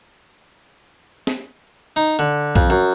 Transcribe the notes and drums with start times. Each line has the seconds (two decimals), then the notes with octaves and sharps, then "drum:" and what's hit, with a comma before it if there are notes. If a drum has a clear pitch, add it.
1.27 drum: snare
1.96 D#4
2.19 D3
2.56 F2, drum: kick
2.70 F#2